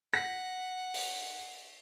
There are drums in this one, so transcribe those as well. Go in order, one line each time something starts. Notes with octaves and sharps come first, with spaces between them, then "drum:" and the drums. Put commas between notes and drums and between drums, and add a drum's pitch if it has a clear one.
F#5 A#6 B6
drum: open hi-hat